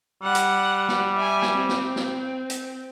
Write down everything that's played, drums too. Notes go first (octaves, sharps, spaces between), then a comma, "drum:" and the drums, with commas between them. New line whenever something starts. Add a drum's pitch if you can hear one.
G3 F#5
drum: hi-hat
drum: snare
E5 G#5
drum: snare
C4
drum: snare
drum: snare
drum: hi-hat